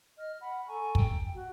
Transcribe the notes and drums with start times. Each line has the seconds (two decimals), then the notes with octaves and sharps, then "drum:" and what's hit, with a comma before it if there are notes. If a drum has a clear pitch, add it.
0.18 D#5 F6
0.41 F#5 B5
0.68 A4 G#5 A#5 C#6
0.95 G5, drum: kick
1.35 F#4